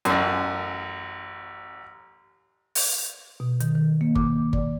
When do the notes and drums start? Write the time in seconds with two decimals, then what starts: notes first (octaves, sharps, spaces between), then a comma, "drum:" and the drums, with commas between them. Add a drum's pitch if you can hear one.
0.05 A1 F#2, drum: hi-hat
2.75 drum: open hi-hat
3.40 B2
3.60 D#3, drum: hi-hat
3.75 D#3
4.01 A#3
4.15 D6, drum: kick G1
4.53 D5, drum: kick G1